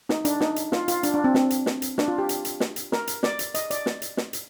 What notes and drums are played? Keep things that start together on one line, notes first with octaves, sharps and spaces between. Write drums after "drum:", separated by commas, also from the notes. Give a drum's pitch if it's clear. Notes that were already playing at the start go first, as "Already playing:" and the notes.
D#4, drum: snare
D4, drum: hi-hat
D#4, drum: snare
drum: hi-hat
F4, drum: snare
F4, drum: hi-hat
D4, drum: hi-hat
D4
C4
C4, drum: snare
drum: hi-hat
drum: snare
drum: hi-hat
D4, drum: snare
F4
G4
drum: hi-hat
drum: hi-hat
drum: snare
drum: hi-hat
A#4, drum: snare
drum: hi-hat
D5, drum: snare
drum: hi-hat
D#5, drum: hi-hat
D5, drum: hi-hat
drum: snare
drum: hi-hat
drum: snare
drum: hi-hat